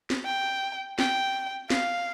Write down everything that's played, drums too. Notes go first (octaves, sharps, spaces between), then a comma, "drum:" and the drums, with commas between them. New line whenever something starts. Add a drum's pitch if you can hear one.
drum: snare
G5
G5, drum: snare
F5, drum: snare